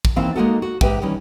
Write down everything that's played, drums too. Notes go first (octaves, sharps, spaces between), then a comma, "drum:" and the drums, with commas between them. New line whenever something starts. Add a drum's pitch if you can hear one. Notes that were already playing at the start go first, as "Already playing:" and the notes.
drum: kick
D#2 E3 A#3 C4 F5 G5
G#3 A#3 C#4 D#4 F#4 A4
F#4
G#2 E3 G4 B4 E5 G5, drum: kick
D#3 E3 G3 C#4